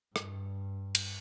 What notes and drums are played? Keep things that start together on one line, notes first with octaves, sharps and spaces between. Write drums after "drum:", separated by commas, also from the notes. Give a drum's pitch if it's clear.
G2, drum: rim click
drum: cymbal